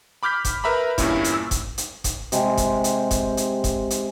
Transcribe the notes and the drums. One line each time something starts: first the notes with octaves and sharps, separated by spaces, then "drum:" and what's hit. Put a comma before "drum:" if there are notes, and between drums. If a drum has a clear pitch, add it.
B5 D6 F6 G6 B6
drum: kick E1, hi-hat
A#4 B4 E5 A#5 B5
E2 G2 A#2 C#4 E4, drum: kick E1, hi-hat
drum: hi-hat
E6
drum: kick E1, hi-hat
drum: hi-hat
drum: kick E1, hi-hat
C3 G#3 G4, drum: hi-hat
drum: kick E1, hi-hat
drum: hi-hat
drum: kick E1, hi-hat
drum: hi-hat
drum: kick E1, hi-hat
drum: hi-hat